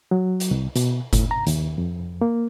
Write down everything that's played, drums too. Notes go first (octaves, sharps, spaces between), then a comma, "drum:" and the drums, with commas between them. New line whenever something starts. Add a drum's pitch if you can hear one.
F#3
drum: hi-hat
C2
B2, drum: hi-hat
A2, drum: kick G1, hi-hat
A#5
D#2, drum: hi-hat
F2
A#3